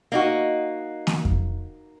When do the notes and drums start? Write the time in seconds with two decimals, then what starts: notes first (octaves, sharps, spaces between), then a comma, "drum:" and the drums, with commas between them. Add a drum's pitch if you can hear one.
0.12 A#3 D#4 F#4
1.07 drum: snare A#3
1.25 drum: kick F2